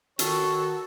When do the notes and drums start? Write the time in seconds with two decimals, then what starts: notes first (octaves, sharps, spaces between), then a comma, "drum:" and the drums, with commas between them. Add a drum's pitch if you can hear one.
0.19 D#3 F#4 A4 C#5, drum: hi-hat